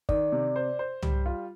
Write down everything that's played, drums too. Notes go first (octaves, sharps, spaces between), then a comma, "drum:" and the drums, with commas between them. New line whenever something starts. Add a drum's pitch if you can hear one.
D#3 D5, drum: kick
C3
C5
C5
G3, drum: tom
F4